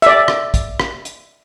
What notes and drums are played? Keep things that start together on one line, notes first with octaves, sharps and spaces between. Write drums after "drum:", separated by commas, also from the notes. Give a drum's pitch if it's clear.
D5 E5, drum: hi-hat
drum: rim click
drum: kick, hi-hat
drum: rim click
drum: hi-hat